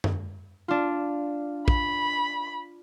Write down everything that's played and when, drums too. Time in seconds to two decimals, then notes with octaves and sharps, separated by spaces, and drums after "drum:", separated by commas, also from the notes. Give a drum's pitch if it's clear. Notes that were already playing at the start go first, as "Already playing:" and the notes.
0.04 drum: tom F#2
0.68 D4 F4
1.68 B5, drum: kick